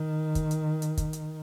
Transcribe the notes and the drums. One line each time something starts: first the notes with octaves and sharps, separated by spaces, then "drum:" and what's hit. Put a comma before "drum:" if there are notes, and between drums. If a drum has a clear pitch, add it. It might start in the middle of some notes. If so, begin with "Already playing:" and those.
Already playing: D#3
drum: kick, hi-hat
drum: hi-hat
drum: hi-hat
drum: kick, hi-hat
drum: hi-hat